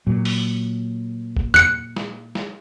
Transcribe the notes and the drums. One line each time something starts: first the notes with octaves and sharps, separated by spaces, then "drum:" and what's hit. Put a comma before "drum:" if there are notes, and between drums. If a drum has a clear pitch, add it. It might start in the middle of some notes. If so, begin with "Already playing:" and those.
A#2 F#3
drum: open hi-hat
drum: kick G1
F#6 C#7, drum: tom E2
drum: snare
drum: snare